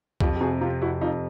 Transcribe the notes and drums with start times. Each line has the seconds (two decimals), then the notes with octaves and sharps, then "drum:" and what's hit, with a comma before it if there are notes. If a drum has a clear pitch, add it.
0.21 F2 F4 G4, drum: kick
0.36 G4
0.41 C3 F#4 G#4
0.61 C3 F4 G4
0.81 F2 E4 F#4
1.01 F2 D#4 F4